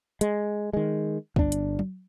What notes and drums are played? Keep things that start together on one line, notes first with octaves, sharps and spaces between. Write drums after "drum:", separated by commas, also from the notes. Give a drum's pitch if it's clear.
G#3, drum: hi-hat
D#3 G#3
G1 D4, drum: kick
drum: hi-hat
drum: tom F#3